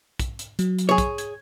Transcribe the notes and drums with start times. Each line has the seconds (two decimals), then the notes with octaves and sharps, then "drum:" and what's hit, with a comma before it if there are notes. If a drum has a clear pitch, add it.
0.19 drum: kick, hi-hat
0.39 drum: hi-hat
0.59 F#3, drum: hi-hat
0.79 drum: hi-hat
0.89 G#4 C#5
0.98 drum: kick, hi-hat
1.18 G#6, drum: hi-hat